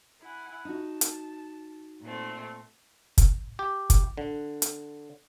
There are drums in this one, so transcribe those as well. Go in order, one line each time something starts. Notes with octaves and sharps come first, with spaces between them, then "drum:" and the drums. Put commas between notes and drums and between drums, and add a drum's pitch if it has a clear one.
E4 F#5 G#5
D#4 F#4 A5
drum: hi-hat
A#2 A3 C4
drum: kick, hi-hat
G4
drum: kick, hi-hat
D3
drum: hi-hat